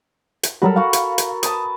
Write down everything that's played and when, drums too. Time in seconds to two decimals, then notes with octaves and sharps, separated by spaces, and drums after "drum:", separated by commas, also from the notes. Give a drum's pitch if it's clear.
0.43 drum: hi-hat
0.62 F#3 G3 F#4 A4 A#4 B5
0.76 F#4 F5 F#5
0.93 drum: hi-hat
1.18 drum: hi-hat
1.43 B4 A5 D#6, drum: hi-hat